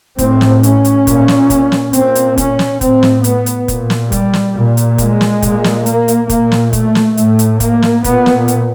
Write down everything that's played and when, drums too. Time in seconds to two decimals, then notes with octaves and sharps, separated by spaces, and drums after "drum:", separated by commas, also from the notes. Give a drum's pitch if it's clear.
0.18 A2 C4, drum: kick F1, hi-hat
0.41 drum: snare
0.63 C#4, drum: hi-hat
0.85 drum: hi-hat
1.07 A#2, drum: kick F1, hi-hat
1.28 drum: snare
1.50 drum: kick F1, hi-hat
1.72 drum: snare
1.93 A#2 C4, drum: hi-hat
2.15 drum: hi-hat
2.38 C#4, drum: kick F1, hi-hat
2.59 drum: snare
2.81 A2 C4, drum: kick F1, hi-hat
3.03 drum: snare
3.24 B3, drum: hi-hat
3.46 drum: hi-hat
3.68 A#2, drum: kick F1, hi-hat
3.90 drum: snare
4.12 G3, drum: kick F1, hi-hat
4.33 drum: snare
4.56 A#2
4.77 drum: hi-hat
4.98 G#3, drum: kick F1, hi-hat
5.21 drum: snare
5.42 A#2, drum: kick F1, hi-hat
5.64 drum: snare
5.86 A#3, drum: hi-hat
6.08 drum: hi-hat
6.29 A#2 A#3, drum: kick F1, hi-hat
6.52 drum: snare
6.73 A3, drum: kick F1, hi-hat
6.95 drum: snare
7.17 A2 A3, drum: hi-hat
7.39 drum: hi-hat
7.60 A#3, drum: kick F1, hi-hat
7.82 drum: snare
8.04 A#2 B3, drum: kick F1, hi-hat
8.26 drum: snare
8.48 drum: hi-hat